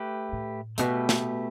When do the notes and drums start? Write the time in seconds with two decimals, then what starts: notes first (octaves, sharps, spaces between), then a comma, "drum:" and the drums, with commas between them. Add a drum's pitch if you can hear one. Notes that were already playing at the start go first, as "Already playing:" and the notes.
Already playing: A3 G4 B4
0.32 A2
0.78 B2 A3 G4 B4, drum: hi-hat
1.09 drum: snare